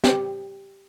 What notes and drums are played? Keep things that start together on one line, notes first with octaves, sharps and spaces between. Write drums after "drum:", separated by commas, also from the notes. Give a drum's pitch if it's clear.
G4, drum: snare